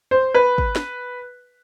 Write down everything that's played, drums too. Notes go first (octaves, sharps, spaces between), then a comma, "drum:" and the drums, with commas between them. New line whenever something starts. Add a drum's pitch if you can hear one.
C5
B4
drum: kick
drum: snare